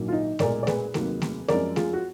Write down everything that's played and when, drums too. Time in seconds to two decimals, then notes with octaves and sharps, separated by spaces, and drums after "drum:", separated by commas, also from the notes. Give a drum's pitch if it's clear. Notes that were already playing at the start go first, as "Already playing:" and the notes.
Already playing: A#1 G#2 D#3 F#3 A#3
0.08 F4
0.12 D#4
0.39 B1 A#2 G#3 A#4 D5, drum: snare A3
0.63 D5
0.67 G#4 B4, drum: snare A3
0.94 F1 D#2 D#3 F#3 A#3, drum: snare A3
1.22 drum: snare A3
1.48 F#2 F3 G#3 A#4 D5, drum: snare A3
1.76 F4 G#4, drum: snare A3
1.93 F#4